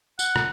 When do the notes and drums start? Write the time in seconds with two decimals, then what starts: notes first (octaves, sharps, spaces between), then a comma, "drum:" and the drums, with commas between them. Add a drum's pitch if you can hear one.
0.19 F#5, drum: tambourine
0.36 drum: rim click